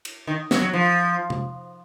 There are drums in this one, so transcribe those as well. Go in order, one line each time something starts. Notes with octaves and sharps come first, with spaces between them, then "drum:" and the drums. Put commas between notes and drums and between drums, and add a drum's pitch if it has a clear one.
drum: cymbal
D#3
F#3, drum: snare
F#3
F3
drum: tom C3